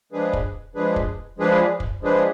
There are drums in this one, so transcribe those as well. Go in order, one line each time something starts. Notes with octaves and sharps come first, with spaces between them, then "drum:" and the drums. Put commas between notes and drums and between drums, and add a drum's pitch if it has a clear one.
F3 G#3 D4 G#4 B4
drum: kick
F3 G#3 D4 G#4 B4
drum: kick
F3 G#3 D4 G#4 B4
drum: kick
F3 G#3 D4 G#4 B4